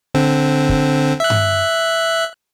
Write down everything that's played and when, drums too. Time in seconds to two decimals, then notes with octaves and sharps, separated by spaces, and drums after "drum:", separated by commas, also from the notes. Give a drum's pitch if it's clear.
0.14 D3 C4
0.69 drum: kick
1.20 E5 F#6
1.30 drum: tom G2